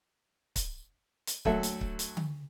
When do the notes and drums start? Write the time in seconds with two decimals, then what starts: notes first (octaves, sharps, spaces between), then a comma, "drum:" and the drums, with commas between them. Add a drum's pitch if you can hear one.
0.56 drum: kick C#1, hi-hat
1.27 drum: hi-hat
1.45 D2 F#3 A4 E5, drum: kick C#1
1.63 drum: hi-hat
1.81 drum: kick C#1
1.99 drum: hi-hat
2.17 drum: tom D3